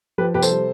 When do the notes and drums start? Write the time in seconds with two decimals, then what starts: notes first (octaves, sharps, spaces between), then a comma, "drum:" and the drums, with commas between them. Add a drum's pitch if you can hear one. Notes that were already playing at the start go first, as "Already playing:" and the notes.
0.18 F3 G4 B4
0.34 C3 G4 B4
0.42 A4 C5, drum: tambourine
0.51 G3